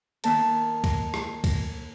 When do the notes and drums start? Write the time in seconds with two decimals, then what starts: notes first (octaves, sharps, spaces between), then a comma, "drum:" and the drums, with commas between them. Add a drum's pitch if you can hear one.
0.24 D#3 A#3 A5, drum: cymbal
0.84 drum: kick C#2, cymbal
1.14 drum: rim click
1.44 drum: kick C#2, cymbal